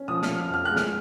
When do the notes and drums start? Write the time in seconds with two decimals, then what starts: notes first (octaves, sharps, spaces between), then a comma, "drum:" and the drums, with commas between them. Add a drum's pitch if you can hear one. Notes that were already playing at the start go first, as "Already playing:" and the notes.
Already playing: C#4
0.08 F3 D#6
0.23 F6, drum: snare
0.29 F3
0.38 F6
0.49 F2 F6
0.65 G#3 F#6
0.76 F6, drum: snare